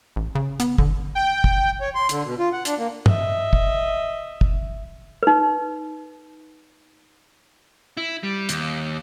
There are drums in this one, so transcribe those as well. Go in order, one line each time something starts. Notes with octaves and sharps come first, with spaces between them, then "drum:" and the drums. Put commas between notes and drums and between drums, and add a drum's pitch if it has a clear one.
A1
C#3
B3, drum: hi-hat
D3, drum: kick
G5
drum: kick
C#5
C6
D3, drum: hi-hat
B2
F4
F#5
D4, drum: hi-hat
A#3
D#5 E5, drum: tom G2
drum: kick
drum: kick
D#4 B4
E4
G3
D#2, drum: hi-hat